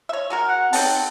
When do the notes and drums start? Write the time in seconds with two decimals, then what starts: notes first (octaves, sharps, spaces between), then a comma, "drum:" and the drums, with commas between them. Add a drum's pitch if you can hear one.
0.09 C#5 E5
0.30 G#3 F#4 A#4
0.49 F#5
0.73 C4 D#4 C#5 A5, drum: open hi-hat